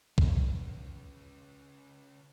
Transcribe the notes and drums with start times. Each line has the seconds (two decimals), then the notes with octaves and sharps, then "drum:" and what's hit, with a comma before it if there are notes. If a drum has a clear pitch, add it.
0.18 C#3 F4, drum: kick B1